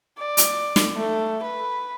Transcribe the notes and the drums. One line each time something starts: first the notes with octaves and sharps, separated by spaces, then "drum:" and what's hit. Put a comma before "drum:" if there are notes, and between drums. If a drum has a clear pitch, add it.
D5
drum: hi-hat
drum: snare
A3
B4